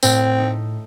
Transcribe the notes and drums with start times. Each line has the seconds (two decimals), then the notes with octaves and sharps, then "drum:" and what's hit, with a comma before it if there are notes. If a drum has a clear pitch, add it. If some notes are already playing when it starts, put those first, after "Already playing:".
0.03 A2 C4, drum: tambourine
0.39 A3 D#4